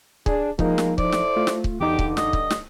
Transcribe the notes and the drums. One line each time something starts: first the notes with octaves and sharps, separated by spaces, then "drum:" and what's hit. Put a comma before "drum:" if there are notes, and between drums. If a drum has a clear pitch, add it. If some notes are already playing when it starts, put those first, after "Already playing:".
D4 G#4, drum: kick C#1
F3 G#3 A#3 D#4, drum: kick C#1
drum: snare
E4 A4 C5 D5, drum: kick C#1
drum: snare
A3 F4
drum: snare
drum: kick C#1
E2 G2 D3 D#4 G4 D6
drum: kick C#1
D#5, drum: snare
drum: kick C#1
drum: snare